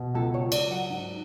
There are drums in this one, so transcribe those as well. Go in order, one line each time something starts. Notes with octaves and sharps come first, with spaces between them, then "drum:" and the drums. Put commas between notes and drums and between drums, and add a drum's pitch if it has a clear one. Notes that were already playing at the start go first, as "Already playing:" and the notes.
Already playing: B2
C#2 A4
C#5
C#2
D5, drum: cymbal
F#3
F#5
G#2